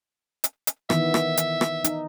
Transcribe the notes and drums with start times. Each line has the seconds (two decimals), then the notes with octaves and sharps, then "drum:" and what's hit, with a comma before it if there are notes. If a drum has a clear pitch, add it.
0.44 drum: hi-hat
0.67 drum: hi-hat
0.90 D#3 E3 B3 E5, drum: rim click
1.14 drum: rim click
1.37 drum: hi-hat
1.61 drum: rim click
1.84 D#4, drum: hi-hat